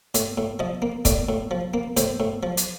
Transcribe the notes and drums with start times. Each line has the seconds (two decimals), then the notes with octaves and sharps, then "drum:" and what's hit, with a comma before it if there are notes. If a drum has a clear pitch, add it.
0.15 A2, drum: hi-hat
0.38 A2
0.59 F3 D#5
0.82 A#3
1.05 A2 D5, drum: kick, hi-hat
1.29 A2
1.51 F3
1.74 A#3
1.97 A2 C5, drum: hi-hat
2.20 A2
2.43 F3
2.57 drum: hi-hat